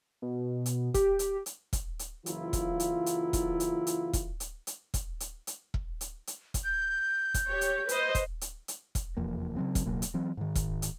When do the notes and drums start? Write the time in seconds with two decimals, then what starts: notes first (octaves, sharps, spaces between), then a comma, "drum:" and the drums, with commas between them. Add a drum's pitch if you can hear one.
0.22 B2
0.66 drum: hi-hat
0.94 G4, drum: kick E1, hi-hat
1.19 drum: hi-hat
1.46 drum: hi-hat
1.73 drum: kick E1, hi-hat
1.99 drum: hi-hat
2.26 F#1 E3 F#3 E4 F4, drum: hi-hat
2.53 drum: kick E1, hi-hat
2.80 drum: hi-hat
3.06 drum: hi-hat
3.33 drum: kick E1, hi-hat
3.60 drum: hi-hat
3.87 drum: hi-hat
4.13 drum: kick E1, hi-hat
4.40 drum: hi-hat
4.67 drum: hi-hat
4.94 drum: kick E1, hi-hat
5.20 drum: hi-hat
5.47 drum: hi-hat
5.74 drum: kick E1
6.01 drum: hi-hat
6.27 drum: hi-hat
6.54 drum: kick E1, hi-hat
6.64 G6
7.34 drum: kick E1, hi-hat
7.48 G4 C#5
7.61 drum: hi-hat
7.89 B4 C5 D#5, drum: hi-hat
8.15 drum: kick E1, hi-hat
8.41 drum: hi-hat
8.68 drum: hi-hat
8.95 drum: kick E1, hi-hat
9.17 F1 E2 F3 A#3
9.56 C#3 F#3 C4
9.75 drum: kick E1, hi-hat
9.85 C#2 B2 F#3 A#3
10.02 drum: hi-hat
10.14 E3 F#3 C4
10.37 G#2 D#3
10.55 drum: kick E1, hi-hat
10.82 drum: hi-hat